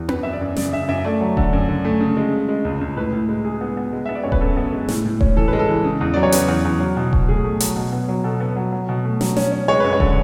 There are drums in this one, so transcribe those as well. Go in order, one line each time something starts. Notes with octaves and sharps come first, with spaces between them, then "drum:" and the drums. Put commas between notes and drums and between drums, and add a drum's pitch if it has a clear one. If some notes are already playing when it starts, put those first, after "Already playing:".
Already playing: E2
F#2 B4, drum: tom B3
F#2 E5
D5
F#2
C#3 D5, drum: snare
C#3 E5
F#2 E5
A3 D5
F#3
D3, drum: kick D#1
F#2
D3
A3
C#3
G#3
C#3
G#3
C#2
C#2
A2 B4
A2
G#3
G#3 G#4
B3
B3
G#3
B3 E5
D5
F#2 C#5
B4, drum: kick D#1
F#2 A4
B3
G#3
A2, drum: snare
A2
C#4, drum: kick D#1
E3 A4
G#3 B4
A4
E3
C#3
E2
F#3 D5
C#5
C#3 B4, drum: hi-hat
E2
E2
F#3
B2
B2, drum: kick D#1
A3 G#4
A3
F#3, drum: hi-hat
B2
B3
F#3
B2 A4
B3
F#3
F#3
B2
A3
F#3, drum: snare
C#4, drum: snare
C#4
G#3 C#5
F#2 B4
C#5
D3, drum: kick D#1